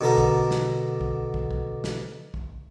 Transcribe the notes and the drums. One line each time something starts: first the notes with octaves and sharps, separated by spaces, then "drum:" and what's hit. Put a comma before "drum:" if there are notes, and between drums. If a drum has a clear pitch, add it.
B2 D3 A4 A#4
drum: kick
drum: snare
drum: kick
drum: kick
drum: kick
drum: snare
drum: kick